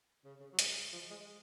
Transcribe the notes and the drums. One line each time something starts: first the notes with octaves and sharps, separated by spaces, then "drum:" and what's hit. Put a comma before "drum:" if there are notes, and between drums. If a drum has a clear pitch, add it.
C#3
C#3
F#3
G#3, drum: hi-hat
F3
G#3